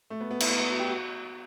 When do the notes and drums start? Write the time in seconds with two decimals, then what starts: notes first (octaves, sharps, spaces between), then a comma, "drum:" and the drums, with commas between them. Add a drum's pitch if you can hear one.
0.10 A3
0.21 B3
0.31 B3
0.40 E4, drum: cymbal
0.50 B3
0.60 B3
0.70 F#4
0.80 G4
0.90 F#4